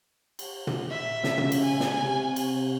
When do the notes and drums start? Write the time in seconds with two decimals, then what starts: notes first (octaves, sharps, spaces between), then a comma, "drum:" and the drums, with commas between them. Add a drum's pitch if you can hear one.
0.39 drum: cymbal
0.67 drum: tom
0.90 E5
1.24 C#3, drum: snare
1.38 drum: tom
1.52 drum: cymbal
1.61 G#5
1.80 drum: snare
2.01 C3
2.36 drum: cymbal